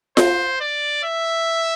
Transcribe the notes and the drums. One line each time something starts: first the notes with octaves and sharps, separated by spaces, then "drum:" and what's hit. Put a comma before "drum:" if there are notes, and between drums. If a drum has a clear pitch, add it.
C5, drum: snare F4
D5
E5